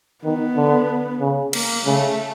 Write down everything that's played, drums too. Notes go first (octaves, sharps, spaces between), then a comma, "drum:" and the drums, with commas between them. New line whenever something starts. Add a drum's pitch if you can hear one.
D#3 B3
D3
C#3
A#3, drum: cymbal
C#3 A3